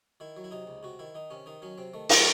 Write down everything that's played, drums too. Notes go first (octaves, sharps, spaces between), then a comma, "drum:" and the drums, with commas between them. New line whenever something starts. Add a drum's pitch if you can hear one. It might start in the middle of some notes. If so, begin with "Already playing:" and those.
D#3 E4
F#3
E4
C3 D#4
C#2
C3 F#4
D#3 E4
D#3 D#4
C3 C#4
D#3 D#4
F#3 C#4
C3 C4
D#3 A3
F#3, drum: open hi-hat